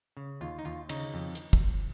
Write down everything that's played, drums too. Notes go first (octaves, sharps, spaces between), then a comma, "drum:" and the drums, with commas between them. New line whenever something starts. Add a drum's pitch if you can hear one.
C#3
D#2 F4
D#4
D#2 F4
C#3 D#4, drum: cymbal
F2
drum: hi-hat
drum: kick